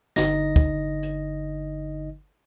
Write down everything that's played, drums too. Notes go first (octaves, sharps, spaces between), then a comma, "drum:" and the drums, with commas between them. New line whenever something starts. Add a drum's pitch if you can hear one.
G1 D3 D#4 D#5 A#6, drum: snare
drum: kick
drum: hi-hat